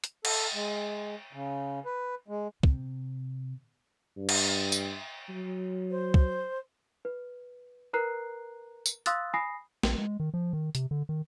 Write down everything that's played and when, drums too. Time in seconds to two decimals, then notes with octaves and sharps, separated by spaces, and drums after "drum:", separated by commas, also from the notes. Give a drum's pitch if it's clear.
0.04 drum: hi-hat
0.25 A4, drum: cymbal
0.54 G#3
1.33 C#3
1.85 B4
2.28 G#3
2.63 C3, drum: kick
4.17 G2
4.29 drum: cymbal
4.72 drum: tambourine
5.29 F#3
5.90 C5
6.14 drum: kick
7.05 B4
7.93 A#4 B4 A#5 F#6 C7
8.86 drum: tambourine
9.06 F5 C6 D#6 E6 F#6 A6, drum: hi-hat
9.34 G#5 B5 D#6 A#6 C7
9.83 A#1, drum: snare
9.98 G#3
10.20 D#3
10.34 F3
10.53 D#3
10.75 C3, drum: hi-hat
10.91 D3
11.09 D#3